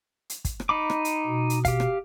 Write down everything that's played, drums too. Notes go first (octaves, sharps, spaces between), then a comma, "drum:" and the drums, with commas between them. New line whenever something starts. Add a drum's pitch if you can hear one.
drum: hi-hat
drum: kick, hi-hat
drum: rim click
D#4 B5 D6
drum: rim click
drum: hi-hat
B2
drum: hi-hat
G4 F5, drum: kick, hi-hat
drum: rim click